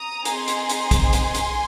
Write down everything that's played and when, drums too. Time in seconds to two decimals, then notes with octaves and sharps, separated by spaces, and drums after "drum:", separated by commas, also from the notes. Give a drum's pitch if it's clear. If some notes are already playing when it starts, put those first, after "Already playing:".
Already playing: A#5 D#6
0.25 C4 D#4 G#4 G#5 C6, drum: hi-hat
0.48 drum: hi-hat
0.69 drum: hi-hat
0.91 drum: kick, hi-hat
1.13 drum: hi-hat
1.35 drum: hi-hat